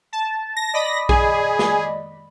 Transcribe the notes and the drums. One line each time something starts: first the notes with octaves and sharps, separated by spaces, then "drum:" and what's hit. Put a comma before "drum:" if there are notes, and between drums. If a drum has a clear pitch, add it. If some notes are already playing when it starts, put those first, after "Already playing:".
A5
A#6
D5 D#5 B5
G#4, drum: kick A#1
drum: snare